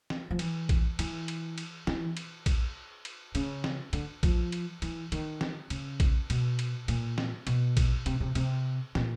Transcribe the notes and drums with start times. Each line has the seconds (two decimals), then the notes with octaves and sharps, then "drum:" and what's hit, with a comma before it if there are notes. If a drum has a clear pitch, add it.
0.10 drum: snare
0.31 F3
0.39 E3, drum: cymbal
0.69 drum: kick A#1, cymbal
0.99 E3, drum: cymbal
1.28 drum: cymbal
1.58 drum: cymbal
1.87 E3, drum: snare
2.17 drum: cymbal
2.46 drum: kick A#1, cymbal
3.05 drum: cymbal
3.35 C#3, drum: cymbal
3.64 drum: snare
3.93 D3, drum: cymbal
4.23 F3, drum: kick A#1, cymbal
4.52 drum: cymbal
4.82 E3, drum: cymbal
5.12 D#3, drum: cymbal
5.41 drum: snare
5.70 C#3, drum: cymbal
6.00 drum: kick A#1, cymbal
6.30 B2, drum: cymbal
6.59 drum: cymbal
6.88 A#2, drum: cymbal
7.18 drum: snare
7.47 B2, drum: cymbal
7.77 drum: kick A#1, cymbal
8.06 C3, drum: cymbal
8.20 C3
8.35 C3, drum: cymbal
8.95 A#2, drum: snare